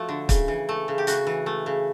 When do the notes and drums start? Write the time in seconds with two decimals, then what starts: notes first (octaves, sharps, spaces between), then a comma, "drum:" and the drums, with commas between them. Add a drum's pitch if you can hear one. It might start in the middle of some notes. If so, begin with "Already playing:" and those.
Already playing: F3 A3 F#4
0.09 D3
0.29 C#3, drum: kick, hi-hat
0.48 E3
0.69 A3
0.88 C#3
0.98 G4
1.07 C#3 F#4, drum: hi-hat
1.27 E3
1.46 A3
1.66 C#3